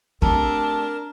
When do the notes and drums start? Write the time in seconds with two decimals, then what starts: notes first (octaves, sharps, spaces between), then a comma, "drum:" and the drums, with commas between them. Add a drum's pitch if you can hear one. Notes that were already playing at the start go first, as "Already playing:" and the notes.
0.22 A3 C4 D4 G4 A4 A#4, drum: kick